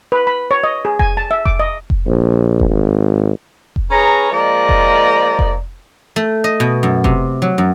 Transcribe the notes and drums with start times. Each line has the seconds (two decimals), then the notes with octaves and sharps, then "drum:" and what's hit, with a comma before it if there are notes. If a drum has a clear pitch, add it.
0.12 B4
0.27 B5
0.51 C#5
0.64 D#5
0.85 G#4
0.99 G#5, drum: kick F1
1.17 A5
1.31 E5
1.45 D6, drum: kick F1
1.60 D#5
1.90 drum: kick F1
2.07 A#1
2.60 drum: kick F1
2.69 G#1
3.76 drum: kick F1
3.90 C#4 G#4 B4 C#5 A#5
4.31 F3 G#3 A#3 D5 D#5 A#5
4.69 drum: kick F1
5.39 drum: kick F1
6.16 A3
6.44 D#5
6.60 B2
6.83 F#2
7.04 C3, drum: kick F1
7.42 F#3
7.58 F#2